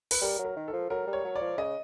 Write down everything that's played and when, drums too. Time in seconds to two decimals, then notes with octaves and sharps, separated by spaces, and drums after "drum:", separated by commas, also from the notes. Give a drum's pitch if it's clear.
0.11 B4, drum: open hi-hat
0.22 G3 A#4
0.39 F#3
0.45 A#4
0.57 D#3
0.68 A4
0.73 F3
0.90 F#3 A#4
1.07 G3
1.13 C#5
1.25 F#3
1.36 D5
1.41 F3
1.57 C#3 D#5